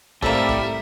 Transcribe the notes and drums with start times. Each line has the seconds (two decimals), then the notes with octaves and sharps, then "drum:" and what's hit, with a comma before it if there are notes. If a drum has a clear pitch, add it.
0.22 A2 G3 A3 A#3 C4 A4 A#4 E5, drum: kick
0.49 drum: kick